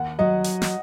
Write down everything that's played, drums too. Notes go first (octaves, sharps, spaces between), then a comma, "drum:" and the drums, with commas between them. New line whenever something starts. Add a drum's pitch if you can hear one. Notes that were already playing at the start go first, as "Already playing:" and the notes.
Already playing: D#2 F#5
F#3 D#5
drum: hi-hat
drum: snare